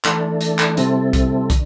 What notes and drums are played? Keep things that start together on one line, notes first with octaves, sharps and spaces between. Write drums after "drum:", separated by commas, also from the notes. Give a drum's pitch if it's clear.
E3 A3 D4 A4, drum: clap
drum: hi-hat
drum: clap
C3 G3 C4 E4 A4, drum: hi-hat
drum: kick, hi-hat
D3, drum: kick, hi-hat